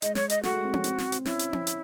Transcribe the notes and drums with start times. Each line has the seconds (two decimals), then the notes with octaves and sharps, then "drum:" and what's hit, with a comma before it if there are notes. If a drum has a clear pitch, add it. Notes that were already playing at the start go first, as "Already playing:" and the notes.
0.02 G#3 D#5, drum: hi-hat
0.15 C#5, drum: snare
0.30 D#5, drum: hi-hat
0.43 A3 F#4, drum: snare
0.53 G#3
0.64 C4
0.73 C#4, drum: tom C4
0.84 C4, drum: hi-hat
0.98 C4, drum: snare
1.12 C4, drum: hi-hat
1.25 C#4 E4, drum: snare
1.39 drum: hi-hat
1.53 drum: tom C4
1.67 drum: hi-hat